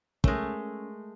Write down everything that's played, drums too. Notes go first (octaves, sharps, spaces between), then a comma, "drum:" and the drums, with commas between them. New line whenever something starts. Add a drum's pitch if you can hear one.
G#3 A3 C#4 A#4 E5 G#5, drum: kick